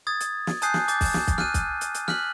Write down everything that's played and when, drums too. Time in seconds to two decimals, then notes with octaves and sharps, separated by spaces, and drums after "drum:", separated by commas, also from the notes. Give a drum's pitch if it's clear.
0.07 D#6 G#6 A6
0.20 drum: hi-hat
0.47 drum: snare
0.62 G#5 A5 D#6 F#6 G6 C7, drum: hi-hat
0.74 drum: snare
0.88 D6 G6 A6, drum: hi-hat
1.01 drum: kick, open hi-hat
1.14 drum: snare
1.28 drum: kick, hi-hat
1.38 F6 F#6 D#7, drum: snare
1.54 drum: kick, hi-hat
1.81 drum: hi-hat
1.94 drum: hi-hat
2.08 F6 F#6 B6 F#7, drum: snare